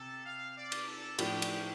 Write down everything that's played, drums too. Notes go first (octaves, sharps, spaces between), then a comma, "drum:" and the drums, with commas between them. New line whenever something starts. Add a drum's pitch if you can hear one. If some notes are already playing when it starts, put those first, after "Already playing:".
Already playing: C3 A4
F5
D5
drum: cymbal
A4
A2 F3 D4 G4, drum: cymbal
drum: cymbal